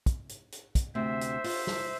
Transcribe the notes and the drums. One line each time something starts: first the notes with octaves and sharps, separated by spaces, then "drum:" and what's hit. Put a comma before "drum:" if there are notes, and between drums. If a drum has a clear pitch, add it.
drum: kick, hi-hat
drum: hi-hat
drum: hi-hat
drum: kick, hi-hat
D2 C3 C5 E5
drum: hi-hat
F4, drum: open hi-hat
drum: snare